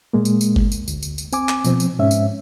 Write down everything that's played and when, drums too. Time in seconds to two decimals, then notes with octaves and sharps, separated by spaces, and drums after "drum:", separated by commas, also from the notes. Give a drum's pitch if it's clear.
0.13 A#2 G#3 A#3
0.25 drum: tambourine
0.41 drum: tambourine
0.56 drum: kick F#1
0.72 drum: tambourine
0.88 D2, drum: tambourine
1.03 drum: tambourine
1.18 drum: tambourine
1.33 C4 G#5 D6, drum: tambourine
1.49 drum: clap
1.64 B2 F3 C4, drum: tambourine
1.80 drum: tambourine
1.99 G#2 C#4 E5
2.11 drum: tambourine